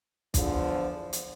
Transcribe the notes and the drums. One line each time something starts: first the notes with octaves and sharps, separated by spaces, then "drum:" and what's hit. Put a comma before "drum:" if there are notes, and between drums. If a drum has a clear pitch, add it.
E2 D3 F3, drum: kick, hi-hat
drum: hi-hat